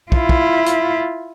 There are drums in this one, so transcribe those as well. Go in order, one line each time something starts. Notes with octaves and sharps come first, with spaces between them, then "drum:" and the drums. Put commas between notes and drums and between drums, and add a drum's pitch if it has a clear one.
E4 F4, drum: kick
drum: kick
drum: hi-hat